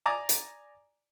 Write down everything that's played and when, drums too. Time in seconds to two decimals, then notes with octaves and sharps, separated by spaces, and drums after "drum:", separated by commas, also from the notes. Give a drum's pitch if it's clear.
0.06 D5 G#5 A#5 D6 D#6
0.29 drum: hi-hat